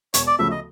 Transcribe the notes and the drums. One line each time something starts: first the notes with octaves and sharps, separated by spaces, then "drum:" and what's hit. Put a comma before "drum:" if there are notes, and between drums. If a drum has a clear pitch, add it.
E1 C#5, drum: hi-hat
D5
D2 C#3 F3 A3 E5
D#5